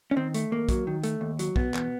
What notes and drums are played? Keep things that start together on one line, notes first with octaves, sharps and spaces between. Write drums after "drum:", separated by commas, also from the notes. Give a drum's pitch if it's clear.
C#4
D#3 C4
A3, drum: hi-hat
D#2 A#3
F#3, drum: kick, hi-hat
D#3
A3, drum: hi-hat
D#2
F#3, drum: hi-hat
B2 B3, drum: kick
E2, drum: clap